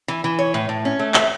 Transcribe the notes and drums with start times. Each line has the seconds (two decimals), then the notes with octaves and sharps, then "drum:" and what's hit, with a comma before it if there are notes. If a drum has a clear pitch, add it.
0.08 E3
0.24 E3
0.39 C#5
0.54 A2
0.69 A2
0.85 C#4
0.99 A3
1.14 E5, drum: clap